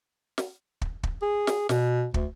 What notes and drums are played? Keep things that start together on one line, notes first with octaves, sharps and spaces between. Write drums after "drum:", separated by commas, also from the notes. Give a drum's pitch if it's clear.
drum: snare
drum: kick
drum: kick
G#4
drum: snare
B2, drum: snare
D2, drum: kick